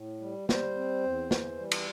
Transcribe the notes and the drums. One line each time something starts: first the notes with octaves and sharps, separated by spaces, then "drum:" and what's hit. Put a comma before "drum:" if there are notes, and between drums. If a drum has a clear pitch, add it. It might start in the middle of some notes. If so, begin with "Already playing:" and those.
Already playing: A2
G3
G3 C5, drum: snare
C4
E2
E3, drum: snare
G3
drum: cymbal